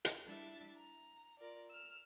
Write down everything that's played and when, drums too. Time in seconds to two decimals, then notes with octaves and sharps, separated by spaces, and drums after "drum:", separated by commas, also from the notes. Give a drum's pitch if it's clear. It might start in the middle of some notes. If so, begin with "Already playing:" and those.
0.05 drum: hi-hat
0.25 G3 D4 E4 E5 A6
0.77 A#5
1.40 F4 A#4 D5
1.69 E6 F6